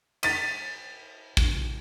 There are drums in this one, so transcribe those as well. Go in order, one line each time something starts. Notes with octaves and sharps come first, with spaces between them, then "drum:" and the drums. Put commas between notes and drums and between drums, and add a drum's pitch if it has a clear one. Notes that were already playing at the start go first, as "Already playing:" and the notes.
A6 B6 D#7, drum: cymbal
drum: kick